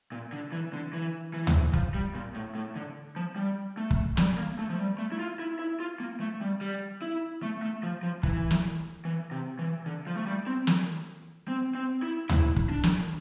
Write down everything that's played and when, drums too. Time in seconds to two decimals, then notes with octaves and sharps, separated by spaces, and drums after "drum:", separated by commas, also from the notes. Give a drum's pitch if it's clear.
0.12 A#2
0.33 D3
0.52 E3
0.73 D3
0.93 E3
1.34 E3
1.47 drum: tom D2
1.74 F3, drum: kick
1.94 G3
2.15 A#2
2.34 A2
2.55 A2
2.76 D3
3.16 F3
3.36 G3
3.77 A3
3.91 drum: kick
4.17 G3, drum: snare
4.38 A#3
4.59 A3
4.70 F3
4.79 G3
4.99 A3
5.12 E4
5.19 F4
5.39 E4
5.59 E4
5.80 F4
6.00 A#3
6.20 A3
6.41 G3
6.61 G3
7.02 E4
7.43 A3
7.62 A3
7.83 F3
8.03 F3
8.23 E3, drum: kick
8.51 drum: snare
9.05 E3
9.31 C3
9.59 E3
9.86 D3
10.07 F3
10.16 A3
10.26 G3
10.47 C4
10.67 drum: snare
11.48 C4
11.75 C4
12.02 E4
12.29 E4, drum: tom D2
12.56 drum: kick
12.69 D4
12.83 drum: snare